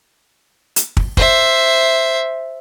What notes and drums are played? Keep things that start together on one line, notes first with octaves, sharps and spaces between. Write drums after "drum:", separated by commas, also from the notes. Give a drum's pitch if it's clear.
drum: hi-hat
drum: kick
C5 E5, drum: kick